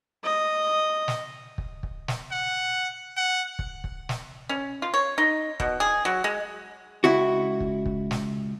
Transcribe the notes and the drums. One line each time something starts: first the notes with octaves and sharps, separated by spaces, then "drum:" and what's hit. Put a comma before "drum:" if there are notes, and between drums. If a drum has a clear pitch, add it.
D#5
drum: snare
drum: kick
drum: kick
drum: snare
F#5
F#5
drum: kick
drum: kick
drum: snare
C#4
F4
C#5
D#4
B2, drum: kick
G#4
F#3
G#3
C#2 E4 F#4
drum: kick
drum: kick
drum: snare